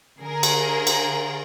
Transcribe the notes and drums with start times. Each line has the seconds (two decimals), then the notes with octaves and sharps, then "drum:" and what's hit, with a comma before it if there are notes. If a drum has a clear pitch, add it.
0.21 D3 G#4 A#4
0.43 drum: cymbal
0.87 drum: cymbal